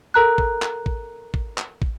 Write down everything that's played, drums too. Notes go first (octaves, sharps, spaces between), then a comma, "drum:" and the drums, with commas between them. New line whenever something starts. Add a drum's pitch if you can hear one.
A4 A#4 A#5 F#6
drum: kick
drum: clap
drum: kick
drum: kick
drum: clap
drum: kick